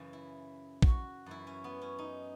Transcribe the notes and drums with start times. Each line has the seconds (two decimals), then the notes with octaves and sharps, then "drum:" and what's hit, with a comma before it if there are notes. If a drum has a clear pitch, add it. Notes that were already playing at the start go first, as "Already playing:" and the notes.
Already playing: F#2 C#3 E3
0.13 E4
0.82 F#4, drum: kick A#1
1.26 F#2 E3 E4
1.47 C#4
1.64 B3
1.81 C#4
1.99 D#4